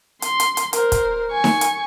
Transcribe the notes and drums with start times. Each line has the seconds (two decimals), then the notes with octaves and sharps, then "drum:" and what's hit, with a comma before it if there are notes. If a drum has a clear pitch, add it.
0.22 C6, drum: hi-hat
0.40 drum: hi-hat
0.57 drum: hi-hat
0.73 A#4 C5, drum: hi-hat
0.92 drum: kick, hi-hat
1.33 G#5 C#6
1.44 drum: snare D#4
1.61 drum: hi-hat